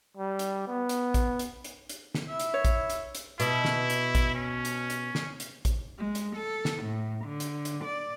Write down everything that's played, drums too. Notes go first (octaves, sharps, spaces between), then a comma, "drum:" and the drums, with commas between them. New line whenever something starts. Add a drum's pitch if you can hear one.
G3
drum: hi-hat
B3
drum: hi-hat
drum: kick A1, hi-hat
drum: hi-hat
drum: hi-hat
drum: hi-hat
drum: snare
E4 E5
drum: hi-hat
C#5
drum: kick A1, hi-hat
drum: hi-hat
drum: hi-hat
B2 E4, drum: hi-hat
drum: snare
drum: hi-hat
drum: kick A1, hi-hat
C#4
drum: hi-hat
drum: hi-hat
drum: snare
drum: hi-hat
drum: kick A1, hi-hat
G#3
drum: hi-hat
A4
drum: snare
A2
D3
drum: hi-hat
drum: hi-hat
D5